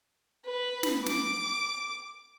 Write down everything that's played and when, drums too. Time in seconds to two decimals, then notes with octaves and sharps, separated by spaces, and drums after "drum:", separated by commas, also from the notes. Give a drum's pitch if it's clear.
0.45 B4
0.83 drum: snare
1.06 D6, drum: snare